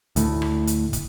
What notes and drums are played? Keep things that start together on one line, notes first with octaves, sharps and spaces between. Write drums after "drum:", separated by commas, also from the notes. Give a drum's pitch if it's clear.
D2 A2, drum: hi-hat
drum: rim click
drum: hi-hat
drum: kick, hi-hat